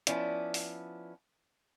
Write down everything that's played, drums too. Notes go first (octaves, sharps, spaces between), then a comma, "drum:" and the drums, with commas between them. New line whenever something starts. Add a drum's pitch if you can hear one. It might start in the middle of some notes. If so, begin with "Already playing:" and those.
F3 B3 C#4 E4 D5, drum: hi-hat
drum: open hi-hat